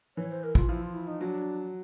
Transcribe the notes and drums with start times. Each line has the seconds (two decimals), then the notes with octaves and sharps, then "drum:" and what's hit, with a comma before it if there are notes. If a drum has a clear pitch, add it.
0.17 E3 C#5
0.30 C5
0.43 A#4
0.55 F4, drum: kick A1
0.69 F3 E4
0.82 F4
0.94 E4
1.07 D#4
1.21 F#3 D4